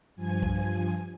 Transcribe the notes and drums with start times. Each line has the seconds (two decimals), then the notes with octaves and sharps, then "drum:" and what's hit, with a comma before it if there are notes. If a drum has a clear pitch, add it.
0.16 G2 F3 G#5 G#6
0.42 drum: kick